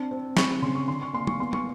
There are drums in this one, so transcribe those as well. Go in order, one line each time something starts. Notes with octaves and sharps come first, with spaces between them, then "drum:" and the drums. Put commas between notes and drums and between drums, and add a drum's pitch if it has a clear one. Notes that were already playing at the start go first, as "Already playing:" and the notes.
Already playing: C4 D4
C4
C4 B5 C#6, drum: snare
C#3 C6
C#6
D3 C6
C#6
A#3 C6
C#6, drum: tom
B3 C6
C#6, drum: tom